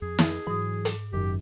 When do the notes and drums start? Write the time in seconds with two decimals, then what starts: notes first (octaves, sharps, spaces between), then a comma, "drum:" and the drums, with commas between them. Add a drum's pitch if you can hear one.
0.02 F2 G#4
0.19 drum: snare
0.47 G#2 E3 F#3 D#6
0.85 drum: hi-hat
1.13 F#1 F#2 D#3 G4